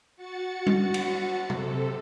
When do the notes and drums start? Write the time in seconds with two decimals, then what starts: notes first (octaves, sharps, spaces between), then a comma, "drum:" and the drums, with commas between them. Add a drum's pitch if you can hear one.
0.17 F#4 A6 C#7
0.66 drum: tom G3
0.94 drum: cymbal
1.50 C3 A4, drum: tom C3